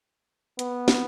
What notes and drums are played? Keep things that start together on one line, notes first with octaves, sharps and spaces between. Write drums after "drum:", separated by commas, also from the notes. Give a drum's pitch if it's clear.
B3, drum: hi-hat
drum: snare